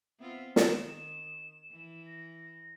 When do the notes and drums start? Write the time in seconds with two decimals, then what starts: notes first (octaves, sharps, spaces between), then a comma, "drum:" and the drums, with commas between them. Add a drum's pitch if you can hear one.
0.19 B3 C4 F4 E5
0.56 D#3 E7, drum: snare
1.71 E3
2.06 A#6